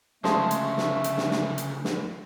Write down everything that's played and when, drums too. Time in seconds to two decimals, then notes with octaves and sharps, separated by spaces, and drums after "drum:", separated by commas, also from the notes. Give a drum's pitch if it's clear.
0.24 D2 C#3 F3 G#3 A3, drum: snare
0.51 drum: hi-hat
0.77 drum: snare
1.04 drum: hi-hat
1.18 drum: snare
1.31 drum: snare
1.58 drum: hi-hat
1.85 drum: snare